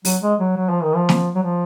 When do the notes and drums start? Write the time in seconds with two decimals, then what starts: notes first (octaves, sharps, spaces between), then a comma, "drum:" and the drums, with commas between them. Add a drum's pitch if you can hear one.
0.05 F#3, drum: open hi-hat
0.22 G#3
0.39 F#3
0.57 F#3
0.69 F3
0.82 D#3
0.95 F3
1.09 drum: snare
1.35 F#3
1.43 F3